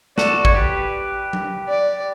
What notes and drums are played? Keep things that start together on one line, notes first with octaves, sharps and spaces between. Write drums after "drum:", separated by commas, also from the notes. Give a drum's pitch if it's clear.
F#4 A4 D5, drum: snare
C#5, drum: kick G#1
G4 B4
drum: tom F#3
D5